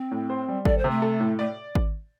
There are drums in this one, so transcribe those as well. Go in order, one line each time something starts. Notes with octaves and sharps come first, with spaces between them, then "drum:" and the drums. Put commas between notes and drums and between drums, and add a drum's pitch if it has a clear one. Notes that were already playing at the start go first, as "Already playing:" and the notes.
Already playing: C4
A2
C5
G3
A4 D5, drum: kick G#1
C5
C3
A3
A4
A2
A3 D5
drum: kick G#1